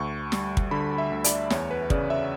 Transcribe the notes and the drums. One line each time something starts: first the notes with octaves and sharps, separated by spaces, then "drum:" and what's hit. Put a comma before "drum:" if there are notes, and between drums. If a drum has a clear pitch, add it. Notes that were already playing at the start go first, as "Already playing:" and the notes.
Already playing: D2 C#6
G3, drum: snare
drum: kick
D3 B5
E5
D2
D5, drum: hi-hat
E2 C#5, drum: snare
B4
C#3 D5, drum: kick
E5